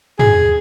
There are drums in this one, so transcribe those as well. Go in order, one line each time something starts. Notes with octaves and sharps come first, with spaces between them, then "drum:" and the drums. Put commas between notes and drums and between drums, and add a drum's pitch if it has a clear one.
G#4, drum: tom